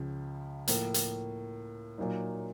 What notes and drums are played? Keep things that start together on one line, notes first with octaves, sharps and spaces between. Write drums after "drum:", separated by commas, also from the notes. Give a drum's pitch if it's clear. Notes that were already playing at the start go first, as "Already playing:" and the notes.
Already playing: C#2 C#3 F3
A2 F3 A#3, drum: hi-hat
drum: hi-hat
A#2 F#3 A#3 D#4